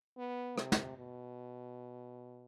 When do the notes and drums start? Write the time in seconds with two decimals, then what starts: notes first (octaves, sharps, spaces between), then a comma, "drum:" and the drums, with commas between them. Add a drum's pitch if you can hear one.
0.17 B3
0.58 C3, drum: rim click
0.72 drum: snare
0.98 B2